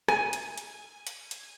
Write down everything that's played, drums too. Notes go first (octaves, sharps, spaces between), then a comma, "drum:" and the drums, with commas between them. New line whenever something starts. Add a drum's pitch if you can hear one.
G#5, drum: rim click
drum: hi-hat
drum: hi-hat
drum: hi-hat
drum: hi-hat